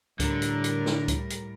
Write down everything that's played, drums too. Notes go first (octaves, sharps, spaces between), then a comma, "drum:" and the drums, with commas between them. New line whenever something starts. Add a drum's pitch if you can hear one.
A2 D3 G3 A#4, drum: kick C#2, hi-hat
drum: hi-hat
drum: hi-hat
drum: snare
drum: kick C#2, hi-hat
drum: hi-hat